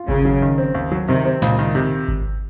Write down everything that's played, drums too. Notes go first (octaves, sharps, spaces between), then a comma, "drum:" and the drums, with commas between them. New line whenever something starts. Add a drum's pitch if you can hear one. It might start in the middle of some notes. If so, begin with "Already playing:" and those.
Already playing: F4
D#2 C#3, drum: kick G#1
F#3
D#3
C4
D#2
F#3
C3 D#3
C4
C#2 A#2, drum: snare
D#3
C3
drum: kick G#1